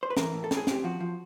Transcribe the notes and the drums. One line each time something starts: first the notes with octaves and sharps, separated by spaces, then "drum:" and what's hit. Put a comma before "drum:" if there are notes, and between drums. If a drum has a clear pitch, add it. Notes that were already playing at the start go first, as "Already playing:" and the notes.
C5
B4
E3 A#4, drum: snare
A2
A4
A2, drum: snare
G#4
C4 G4, drum: snare
F3 F#4
F3